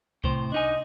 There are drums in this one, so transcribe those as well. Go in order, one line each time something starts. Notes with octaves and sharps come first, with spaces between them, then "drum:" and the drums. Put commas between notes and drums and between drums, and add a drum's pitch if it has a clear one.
A2 C3 C5, drum: kick C2
D4 D#4 D#5 G#5